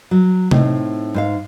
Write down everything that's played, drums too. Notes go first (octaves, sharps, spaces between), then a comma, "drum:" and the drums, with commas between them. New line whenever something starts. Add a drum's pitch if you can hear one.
F#3
A2 C4 D#4, drum: tom C3
G#2 C5 F5